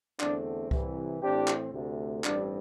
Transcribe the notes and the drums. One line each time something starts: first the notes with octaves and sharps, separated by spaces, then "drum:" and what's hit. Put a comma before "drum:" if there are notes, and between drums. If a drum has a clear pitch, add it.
E2 D3 A3 C4 D4, drum: clap
C2 C3 E3, drum: kick C2
A2 E3 C4 D4 G4
drum: clap
D2 C3 A3
A1 G2 G3 C4 D4, drum: clap